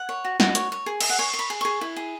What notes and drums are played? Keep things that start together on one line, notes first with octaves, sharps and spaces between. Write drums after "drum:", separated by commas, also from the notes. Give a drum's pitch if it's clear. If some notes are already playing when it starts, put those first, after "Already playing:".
Already playing: F#5
C#5
F#4
F#4, drum: snare
C#5, drum: hi-hat
C#5
G#4
G#4 E5, drum: cymbal
F#5
C#5 G#5
C#5
B5
G#4
G#4 C#6
E4
G#4